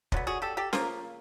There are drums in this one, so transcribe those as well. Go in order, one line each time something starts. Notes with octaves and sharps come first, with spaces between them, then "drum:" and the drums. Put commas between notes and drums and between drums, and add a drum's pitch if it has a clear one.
D3 F#3 B3, drum: kick
F#4 G#4
G4 A4
G4 A4
C#3 F3 A#3 A#4, drum: snare C#4